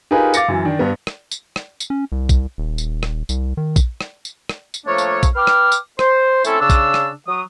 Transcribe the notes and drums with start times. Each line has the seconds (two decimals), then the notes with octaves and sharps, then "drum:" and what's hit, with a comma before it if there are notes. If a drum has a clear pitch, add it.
0.11 D#4 F4 G4 G#4 A#4 B4
0.34 F5 D6 A6 A#6 C#7, drum: tambourine
0.48 F#2 E3
0.65 D#3 D4
0.79 G2 B3
1.07 drum: rim click
1.32 drum: tambourine
1.56 drum: rim click
1.80 drum: tambourine
1.90 C#4
2.12 C2
2.29 drum: kick A#1, tambourine
2.58 D#1
2.78 drum: tambourine
3.03 drum: rim click
3.29 C2, drum: tambourine
3.57 D#3
3.76 drum: kick A#1, tambourine
4.01 drum: rim click
4.25 drum: tambourine
4.49 drum: rim click
4.74 drum: tambourine
4.86 F3 A3 A#3 D4 C#5
4.98 drum: tambourine
5.23 drum: kick A#1, tambourine
5.35 B4 G5 D6 F6
5.47 drum: rim click
5.72 drum: tambourine
5.99 C5, drum: rim click
6.45 A3 C4 C#4 E4 A4, drum: tambourine
6.60 C#3 D4 E6
6.70 drum: kick A#1, tambourine
6.94 drum: rim click
7.27 F#3 D#6